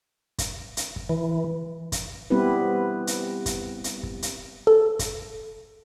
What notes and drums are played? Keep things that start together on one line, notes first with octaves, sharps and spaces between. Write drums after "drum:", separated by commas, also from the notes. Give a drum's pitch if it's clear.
drum: kick, hi-hat
drum: hi-hat
drum: kick
E3
drum: kick, hi-hat
G3 B3 C4 E4 G4 B4
drum: hi-hat
drum: kick, hi-hat
drum: hi-hat
drum: kick
drum: hi-hat
A4
drum: kick, hi-hat